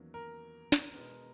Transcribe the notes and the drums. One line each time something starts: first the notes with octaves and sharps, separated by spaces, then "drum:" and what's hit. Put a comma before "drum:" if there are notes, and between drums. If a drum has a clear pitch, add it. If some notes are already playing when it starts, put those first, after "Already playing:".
Already playing: E2 D#3 F#3 A#3 C#4
A#4
drum: snare
B2 G#3 B3